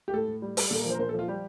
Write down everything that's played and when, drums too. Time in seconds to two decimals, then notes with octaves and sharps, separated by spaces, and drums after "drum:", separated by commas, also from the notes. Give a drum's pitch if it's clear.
0.08 G4
0.13 A2 A4
0.28 A2
0.42 G3
0.57 G3, drum: open hi-hat
0.71 A#2 A4
0.80 A#4
0.85 F3 C5
0.94 A#4
0.99 A#2 C5
1.09 A4
1.14 F3 F4
1.28 G3 G4